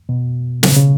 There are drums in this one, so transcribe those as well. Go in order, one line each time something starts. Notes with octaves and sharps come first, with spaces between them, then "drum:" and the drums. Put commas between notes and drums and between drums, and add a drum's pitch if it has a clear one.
B2
C#3, drum: snare
C#3